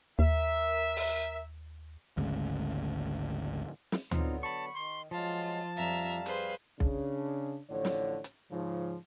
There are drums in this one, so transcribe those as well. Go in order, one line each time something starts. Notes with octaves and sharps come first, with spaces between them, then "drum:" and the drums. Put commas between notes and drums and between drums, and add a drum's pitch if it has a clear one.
D#2 A#4 E5
drum: open hi-hat
G#1 D2 G#2 C#3
drum: snare
D3 F#3 B3 C4 D#4 F4, drum: tom D2
A5 B5 C#6
D#3 C6
F3 F#3 G#3 F4 A5
F2 G3 E5 F5 A#5
G#4 B4 C5, drum: hi-hat
C#3 D4, drum: kick B1
A1 A2 D3 F3 C#5
drum: snare
drum: hi-hat
G#2 C#3 F3